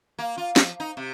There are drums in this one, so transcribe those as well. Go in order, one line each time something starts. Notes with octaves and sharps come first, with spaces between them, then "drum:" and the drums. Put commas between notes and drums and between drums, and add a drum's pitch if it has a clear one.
A#3
F4
F3, drum: snare
D#4
C3